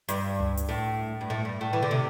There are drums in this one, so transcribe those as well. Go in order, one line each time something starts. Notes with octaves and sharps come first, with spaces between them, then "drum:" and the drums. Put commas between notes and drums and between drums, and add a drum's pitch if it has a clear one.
G2, drum: hi-hat
drum: tom C#2
drum: hi-hat
A2
G2
A2
G2
A2
E3
D3
C3